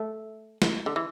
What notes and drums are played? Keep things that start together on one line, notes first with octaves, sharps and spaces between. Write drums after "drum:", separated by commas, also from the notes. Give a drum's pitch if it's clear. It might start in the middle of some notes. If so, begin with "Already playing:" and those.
Already playing: A3
drum: snare
D3
E3